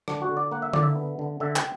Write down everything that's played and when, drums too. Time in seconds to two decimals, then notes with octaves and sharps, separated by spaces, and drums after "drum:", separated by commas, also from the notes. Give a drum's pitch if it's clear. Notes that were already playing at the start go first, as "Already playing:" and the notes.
0.08 D3 D4, drum: rim click
0.22 F#4
0.29 D3
0.37 D5
0.52 A#3 F#5
0.62 E5
0.73 D3 D5, drum: tom D3
0.83 E5
0.95 B3
1.19 D3
1.40 D3 E5
1.56 G5, drum: clap